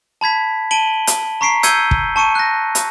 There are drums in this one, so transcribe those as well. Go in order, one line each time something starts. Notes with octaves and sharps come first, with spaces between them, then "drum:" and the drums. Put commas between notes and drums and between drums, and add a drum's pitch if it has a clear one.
A5 B5 G#6 B6
A5 D7 D#7 F#7 G7
drum: hi-hat
A#5 C#6 B6 C7 D7
E6 G6 G#6 C#7 D#7 G7, drum: hi-hat
drum: kick
A5 C#6 C#7 D#7
F#6 A#6
drum: hi-hat